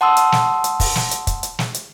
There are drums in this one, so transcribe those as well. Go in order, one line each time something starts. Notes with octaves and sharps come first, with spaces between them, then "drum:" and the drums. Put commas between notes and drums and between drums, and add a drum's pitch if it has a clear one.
F#5 A5 C6 D#6 E6
drum: hi-hat
drum: snare
drum: hi-hat
drum: kick, open hi-hat
drum: snare
drum: hi-hat
drum: kick, hi-hat
drum: hi-hat
drum: snare
drum: hi-hat